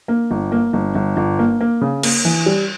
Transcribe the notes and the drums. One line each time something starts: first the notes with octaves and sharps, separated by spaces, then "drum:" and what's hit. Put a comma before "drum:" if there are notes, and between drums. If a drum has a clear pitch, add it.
A#3
G1
A#3
G1
G1
G1
A#3
A#3
C#3
A#3, drum: cymbal
E3
G3